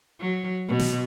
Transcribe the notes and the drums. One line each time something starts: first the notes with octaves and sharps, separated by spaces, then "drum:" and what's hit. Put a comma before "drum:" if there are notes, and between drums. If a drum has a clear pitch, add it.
F#3
B2
drum: snare